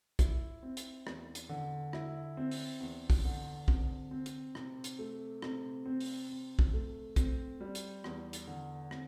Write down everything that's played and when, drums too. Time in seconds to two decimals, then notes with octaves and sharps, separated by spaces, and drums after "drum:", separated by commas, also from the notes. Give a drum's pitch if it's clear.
0.19 E4, drum: kick, hi-hat
0.63 C4
0.77 drum: hi-hat
1.07 E2, drum: rim click
1.35 drum: hi-hat
1.49 D3
1.93 E4, drum: rim click
2.37 C4
2.51 drum: open hi-hat
2.80 E2
3.10 drum: kick, open hi-hat
3.25 D3
3.68 C3, drum: kick
4.11 C4
4.26 drum: hi-hat
4.55 C3, drum: rim click
4.84 drum: hi-hat
4.99 A3
5.42 C3, drum: rim click
5.86 C4
6.00 drum: open hi-hat
6.29 C3
6.59 drum: kick
6.73 A3
7.16 C4, drum: kick, hi-hat
7.61 G3
7.75 drum: hi-hat
8.04 E2, drum: rim click
8.33 drum: hi-hat
8.47 D3
8.91 C4, drum: rim click